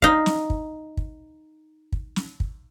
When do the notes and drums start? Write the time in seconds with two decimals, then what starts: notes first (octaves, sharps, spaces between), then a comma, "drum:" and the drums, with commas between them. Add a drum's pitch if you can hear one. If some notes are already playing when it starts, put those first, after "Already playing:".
0.02 D#4 F5, drum: kick
0.26 drum: snare
0.50 drum: kick
0.97 drum: kick
1.92 drum: kick
2.16 drum: snare
2.40 drum: kick